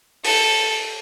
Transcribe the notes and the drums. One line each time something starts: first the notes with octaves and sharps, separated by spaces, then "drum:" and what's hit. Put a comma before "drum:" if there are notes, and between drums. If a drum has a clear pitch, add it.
A4, drum: open hi-hat